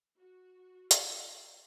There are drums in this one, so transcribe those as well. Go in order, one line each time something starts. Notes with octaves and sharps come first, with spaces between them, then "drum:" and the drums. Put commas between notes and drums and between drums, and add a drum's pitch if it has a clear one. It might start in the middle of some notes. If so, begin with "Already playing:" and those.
F#4
F4, drum: hi-hat